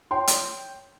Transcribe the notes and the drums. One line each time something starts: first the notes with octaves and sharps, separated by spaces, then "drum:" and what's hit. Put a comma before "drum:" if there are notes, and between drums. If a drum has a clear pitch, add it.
C#5 G5 C6
drum: hi-hat